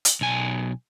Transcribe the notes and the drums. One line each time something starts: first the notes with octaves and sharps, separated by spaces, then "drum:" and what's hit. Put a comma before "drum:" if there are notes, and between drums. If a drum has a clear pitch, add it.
drum: hi-hat
B1 G#5